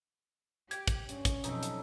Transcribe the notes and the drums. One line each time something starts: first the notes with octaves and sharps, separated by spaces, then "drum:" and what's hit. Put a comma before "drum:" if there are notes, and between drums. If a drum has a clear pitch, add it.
G4 G#6, drum: hi-hat
drum: kick, hi-hat
G2 C#4, drum: hi-hat
drum: kick, hi-hat
F2 B2 F#3 G3 D#4 A4, drum: hi-hat
drum: hi-hat